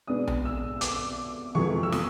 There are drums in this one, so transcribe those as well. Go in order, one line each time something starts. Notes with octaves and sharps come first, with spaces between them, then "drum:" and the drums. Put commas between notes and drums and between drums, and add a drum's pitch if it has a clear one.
B2 G#3 B3 D4 D#6
drum: tom B1
E6
D6, drum: hi-hat
F2 C3 E3 G#3 C#6
E6
D#6, drum: snare